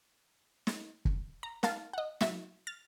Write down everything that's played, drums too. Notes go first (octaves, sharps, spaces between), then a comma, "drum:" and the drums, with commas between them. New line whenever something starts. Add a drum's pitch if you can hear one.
drum: snare
drum: kick
A#5
A#4 F5 A5, drum: snare
D#5 F#5
F#3 F#4 E5 C#6 B6, drum: snare
F6 A6